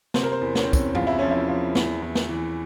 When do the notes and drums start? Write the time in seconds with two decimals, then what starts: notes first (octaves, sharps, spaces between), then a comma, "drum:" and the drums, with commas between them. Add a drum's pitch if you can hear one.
0.14 C3 C5, drum: snare
0.23 A#4
0.32 C5
0.41 E2
0.55 C#4, drum: snare
0.64 E2 C4
0.73 C#4, drum: kick, tambourine
0.95 E2 F4, drum: tom G2
1.07 E4
1.19 F3 C#4
1.31 E4
1.49 F3
1.75 E2, drum: snare
2.02 E2
2.15 drum: snare
2.29 E3